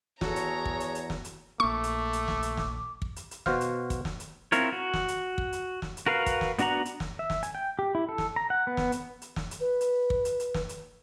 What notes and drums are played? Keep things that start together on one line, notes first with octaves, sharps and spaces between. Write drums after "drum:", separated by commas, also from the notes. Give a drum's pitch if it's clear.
E2 F#4 G#4 A4 C#5 A#5, drum: snare
drum: hi-hat
drum: kick
drum: hi-hat
drum: hi-hat
drum: snare
drum: hi-hat
A#1 A3 A#3 C#6 D6
drum: hi-hat
drum: hi-hat
drum: snare
drum: hi-hat
drum: snare
drum: kick
drum: hi-hat
drum: hi-hat
B2 F#4 C5 F5, drum: snare
drum: hi-hat
drum: kick, hi-hat
drum: snare
drum: hi-hat
C4 E4 F4 A#4 C#5, drum: hi-hat
F#4
drum: snare
drum: hi-hat
drum: kick
drum: hi-hat
drum: snare
drum: hi-hat
F#4 A#4 B4 F5
drum: kick, hi-hat
drum: snare
B3 D4 F#4 F#5 A#5, drum: hi-hat
drum: hi-hat
drum: snare
E5
drum: snare
G#5, drum: hi-hat
G5
G4
E4
A4
drum: snare
A#5
F#5
B3
drum: snare
drum: hi-hat
drum: hi-hat
drum: snare
drum: hi-hat
B4
drum: hi-hat
drum: kick
drum: hi-hat
drum: hi-hat
drum: snare
drum: hi-hat